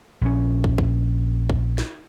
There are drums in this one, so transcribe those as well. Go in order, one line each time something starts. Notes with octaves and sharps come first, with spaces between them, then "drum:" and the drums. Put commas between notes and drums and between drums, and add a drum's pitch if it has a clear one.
A#1 C#4
drum: kick
drum: kick
drum: kick
drum: snare